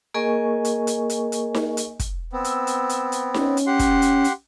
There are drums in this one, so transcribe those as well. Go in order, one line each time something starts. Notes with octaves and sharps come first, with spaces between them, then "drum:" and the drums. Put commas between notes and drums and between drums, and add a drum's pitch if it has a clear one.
A#3 G#4 A#4 D#5 G#5 C#6
drum: hi-hat
drum: hi-hat
drum: hi-hat
drum: hi-hat
drum: snare D#4
drum: hi-hat
drum: kick, hi-hat
B3 C4 E6
drum: hi-hat
drum: hi-hat
drum: hi-hat
drum: hi-hat
C#4, drum: snare D#4
drum: hi-hat
G4 F#5 C6
drum: kick, hi-hat
drum: hi-hat
drum: hi-hat